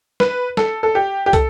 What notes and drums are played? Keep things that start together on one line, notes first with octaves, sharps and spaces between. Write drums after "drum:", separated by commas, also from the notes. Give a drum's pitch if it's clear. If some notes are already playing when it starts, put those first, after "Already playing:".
B4, drum: snare
A4, drum: snare
A4
G4
G4
A4, drum: kick, hi-hat